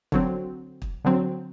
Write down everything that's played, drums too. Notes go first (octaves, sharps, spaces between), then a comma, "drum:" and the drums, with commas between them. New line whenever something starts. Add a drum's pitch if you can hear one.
D3 F#3 C4, drum: kick
drum: kick
D3 F#3 C4